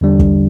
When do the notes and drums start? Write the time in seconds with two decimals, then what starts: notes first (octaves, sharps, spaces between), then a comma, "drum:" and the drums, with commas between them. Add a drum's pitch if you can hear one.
0.01 E2 D3 G3 D4
0.19 drum: kick